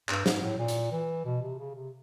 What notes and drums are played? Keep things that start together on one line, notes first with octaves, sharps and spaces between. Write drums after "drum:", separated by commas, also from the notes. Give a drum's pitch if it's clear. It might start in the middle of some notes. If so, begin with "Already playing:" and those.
G2, drum: clap
G#2, drum: snare
A2
A#2
drum: hi-hat
E3
B2
C3
C#3
C3